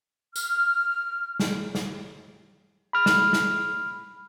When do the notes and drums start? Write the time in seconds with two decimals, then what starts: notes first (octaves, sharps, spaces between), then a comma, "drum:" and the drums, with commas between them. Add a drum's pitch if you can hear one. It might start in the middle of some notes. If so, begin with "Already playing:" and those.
0.36 F6, drum: tambourine
1.40 drum: snare
1.75 drum: snare
2.93 B5 F6
3.06 drum: snare
3.33 drum: snare